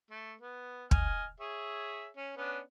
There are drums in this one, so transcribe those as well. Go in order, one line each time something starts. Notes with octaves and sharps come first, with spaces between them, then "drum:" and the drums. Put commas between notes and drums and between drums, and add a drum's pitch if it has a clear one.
A3
B3
D#5 G#5 F6, drum: kick
G#4 C#5 E5
C#4
B3 C#4 D4